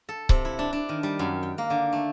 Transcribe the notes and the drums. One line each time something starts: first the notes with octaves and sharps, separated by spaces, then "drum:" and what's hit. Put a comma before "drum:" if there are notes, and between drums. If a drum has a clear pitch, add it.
A4
C3, drum: kick C#1
E4
D4
D4
D#3
G3
F#2
G5
A#3
D3
A3